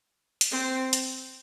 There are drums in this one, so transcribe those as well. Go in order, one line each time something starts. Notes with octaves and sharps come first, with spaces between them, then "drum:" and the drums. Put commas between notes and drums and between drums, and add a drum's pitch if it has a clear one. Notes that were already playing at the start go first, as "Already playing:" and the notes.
drum: hi-hat
C4
drum: hi-hat